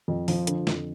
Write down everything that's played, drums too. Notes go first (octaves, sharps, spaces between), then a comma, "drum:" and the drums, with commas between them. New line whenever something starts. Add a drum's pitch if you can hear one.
F2
F3, drum: open hi-hat
D3, drum: hi-hat
F2, drum: snare